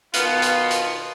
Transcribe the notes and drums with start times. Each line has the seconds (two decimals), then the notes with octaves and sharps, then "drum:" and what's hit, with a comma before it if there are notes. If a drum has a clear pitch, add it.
0.14 B2 D#3 B3 F4, drum: hi-hat
0.42 drum: hi-hat
0.71 drum: hi-hat